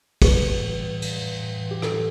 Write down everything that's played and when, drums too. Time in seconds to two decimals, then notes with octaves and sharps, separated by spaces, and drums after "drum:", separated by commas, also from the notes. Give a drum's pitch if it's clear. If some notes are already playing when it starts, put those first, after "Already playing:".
0.22 G3 B4, drum: kick, cymbal
0.42 A2
0.62 E3
0.81 A2
1.02 A2, drum: cymbal
1.23 A2
1.42 A2
1.63 E3
1.71 G4
1.82 A2 A4, drum: rim click